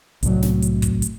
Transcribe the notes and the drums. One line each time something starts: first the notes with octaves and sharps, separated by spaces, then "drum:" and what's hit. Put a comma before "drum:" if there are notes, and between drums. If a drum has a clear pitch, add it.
C2 A2 F#3, drum: hi-hat
drum: snare
drum: hi-hat
drum: kick, hi-hat
drum: hi-hat